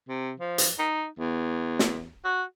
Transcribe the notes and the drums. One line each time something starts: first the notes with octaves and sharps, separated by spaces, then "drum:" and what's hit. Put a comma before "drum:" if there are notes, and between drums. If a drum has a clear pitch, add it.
C3
F3
drum: hi-hat
D#4
E2
drum: snare
F#4